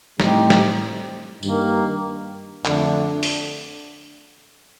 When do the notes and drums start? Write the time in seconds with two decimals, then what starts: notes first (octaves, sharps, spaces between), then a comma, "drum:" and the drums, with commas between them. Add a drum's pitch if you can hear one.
0.20 A2 G3 C4 D#4 G4, drum: snare
0.50 drum: snare
1.43 G2 D#3 A#3, drum: tambourine
2.65 F2 D3 A3 D4, drum: clap
3.23 drum: open hi-hat